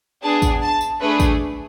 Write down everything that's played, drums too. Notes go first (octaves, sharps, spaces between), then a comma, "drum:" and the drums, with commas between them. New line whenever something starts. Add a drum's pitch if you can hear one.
B3 D4 G#4 A5
drum: kick, tambourine
A5
drum: tambourine
A3 D4 G#4 B4
drum: kick, tambourine